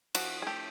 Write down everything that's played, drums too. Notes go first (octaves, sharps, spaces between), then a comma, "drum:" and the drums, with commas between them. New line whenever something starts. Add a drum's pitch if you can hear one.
F3 F#4, drum: cymbal
G#4
A3 G4